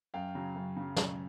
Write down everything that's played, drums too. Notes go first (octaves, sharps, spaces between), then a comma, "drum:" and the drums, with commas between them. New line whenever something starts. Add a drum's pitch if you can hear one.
F#2 F5 G5
C#3 F#3
F#2
C#3 F#3
F#2, drum: snare